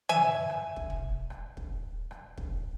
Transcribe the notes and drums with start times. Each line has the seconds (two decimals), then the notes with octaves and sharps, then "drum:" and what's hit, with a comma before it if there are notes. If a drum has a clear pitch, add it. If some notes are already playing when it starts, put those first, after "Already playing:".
0.09 E5 G#5, drum: tom
0.50 drum: rim click
0.76 drum: kick
0.90 drum: tom
1.30 drum: rim click
1.57 drum: kick
2.11 drum: rim click
2.38 drum: kick